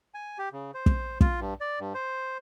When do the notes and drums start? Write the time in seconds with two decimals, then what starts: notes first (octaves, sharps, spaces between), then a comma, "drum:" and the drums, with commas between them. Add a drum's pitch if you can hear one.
0.14 G#5
0.38 G4
0.53 C#3
0.74 C5
0.86 drum: kick
1.21 F4, drum: kick
1.40 G2
1.61 D5
1.80 G2
1.94 C5